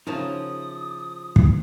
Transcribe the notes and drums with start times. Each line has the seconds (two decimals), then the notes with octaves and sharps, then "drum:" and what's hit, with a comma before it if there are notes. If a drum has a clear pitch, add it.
0.07 C#3 F3 D#4 E4 F#4 A#4 A5 D#6
1.36 drum: kick